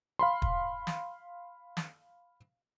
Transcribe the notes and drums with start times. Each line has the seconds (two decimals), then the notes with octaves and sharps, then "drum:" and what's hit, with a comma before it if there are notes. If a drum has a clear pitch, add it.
0.19 F5 B5 C6
0.42 drum: kick
0.87 drum: snare
1.77 drum: snare